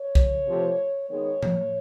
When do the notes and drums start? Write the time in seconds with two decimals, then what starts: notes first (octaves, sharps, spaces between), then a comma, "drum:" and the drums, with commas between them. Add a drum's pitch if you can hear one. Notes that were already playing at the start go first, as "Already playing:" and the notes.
Already playing: C#5
0.15 drum: kick
0.47 C3 F3 A3
1.09 D#3 G#3 B3 C#5
1.43 drum: tom